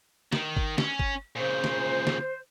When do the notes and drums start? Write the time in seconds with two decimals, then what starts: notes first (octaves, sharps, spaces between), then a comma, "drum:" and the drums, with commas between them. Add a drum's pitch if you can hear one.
0.33 D#3, drum: snare
0.57 drum: kick
0.78 C#4, drum: snare
0.99 drum: kick
1.36 A#2 C#3 C5
1.64 drum: snare
2.07 drum: snare